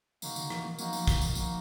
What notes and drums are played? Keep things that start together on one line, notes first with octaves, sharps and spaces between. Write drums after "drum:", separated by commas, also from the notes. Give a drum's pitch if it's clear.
C#3 A#3 D#4 F#4, drum: tambourine
D3, drum: tambourine
E3, drum: rim click
E3
F3 A#3 D#4 F#4, drum: tambourine
F3, drum: tambourine
D#3, drum: kick, tambourine
E3, drum: tambourine
F3 A#3 D#4 F#4, drum: tambourine